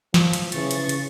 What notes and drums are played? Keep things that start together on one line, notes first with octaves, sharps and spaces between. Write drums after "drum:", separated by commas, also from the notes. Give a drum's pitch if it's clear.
F3, drum: snare
drum: hi-hat
C#3 E3 C#6 A6, drum: hi-hat
drum: hi-hat
drum: hi-hat